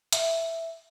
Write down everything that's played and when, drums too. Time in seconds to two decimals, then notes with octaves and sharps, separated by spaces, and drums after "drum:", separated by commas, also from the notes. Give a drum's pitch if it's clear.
0.13 E5, drum: hi-hat